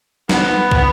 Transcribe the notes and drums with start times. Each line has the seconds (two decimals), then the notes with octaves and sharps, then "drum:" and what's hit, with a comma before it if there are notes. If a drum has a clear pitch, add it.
0.29 B3, drum: snare
0.71 drum: kick